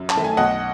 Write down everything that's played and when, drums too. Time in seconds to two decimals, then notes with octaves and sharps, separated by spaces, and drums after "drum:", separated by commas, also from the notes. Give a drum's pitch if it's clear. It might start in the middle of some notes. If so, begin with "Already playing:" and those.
Already playing: F#2
0.10 A5, drum: clap
0.16 D#3 A3
0.24 G#5
0.37 B1 D#5 F#5